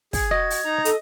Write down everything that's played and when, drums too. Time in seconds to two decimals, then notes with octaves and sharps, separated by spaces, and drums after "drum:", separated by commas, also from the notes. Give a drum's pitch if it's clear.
0.13 G#4 G#6, drum: kick, open hi-hat
0.31 F#4 D#5
0.50 drum: open hi-hat
0.65 D#4 A#5
0.85 A4 D#5, drum: hi-hat